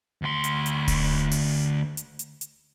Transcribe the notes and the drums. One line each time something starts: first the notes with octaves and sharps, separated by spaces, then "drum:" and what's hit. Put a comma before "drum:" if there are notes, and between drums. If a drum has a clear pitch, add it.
D2 C6
drum: hi-hat
drum: hi-hat
drum: kick D#1, open hi-hat
drum: open hi-hat
drum: hi-hat
drum: hi-hat
drum: hi-hat